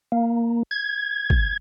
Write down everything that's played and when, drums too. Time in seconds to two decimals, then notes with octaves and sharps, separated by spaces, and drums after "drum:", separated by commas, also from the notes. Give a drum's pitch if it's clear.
0.12 A#3
0.71 G#6
1.30 drum: kick